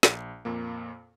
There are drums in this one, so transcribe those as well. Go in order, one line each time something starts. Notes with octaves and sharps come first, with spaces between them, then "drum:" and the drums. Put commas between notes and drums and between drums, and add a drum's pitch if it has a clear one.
A#1, drum: snare
F2 A#2 A#3